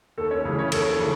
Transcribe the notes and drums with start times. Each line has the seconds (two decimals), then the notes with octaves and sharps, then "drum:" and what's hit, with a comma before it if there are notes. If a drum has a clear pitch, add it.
0.18 D#2 A4
0.31 C#4 C#5
0.45 C#3 E3
0.59 C#4 C#5
0.72 D#2 A4, drum: cymbal
0.99 C#3 E3